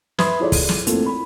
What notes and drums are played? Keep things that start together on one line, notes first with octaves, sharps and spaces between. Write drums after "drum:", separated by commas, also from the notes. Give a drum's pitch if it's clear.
B4 E5 B5 C6 D#6 G#6, drum: snare
E4 F4 G#4 A4 C#5 D5
drum: kick, open hi-hat
drum: snare
A3 A#3 C4 E4 F4 A4, drum: hi-hat
B5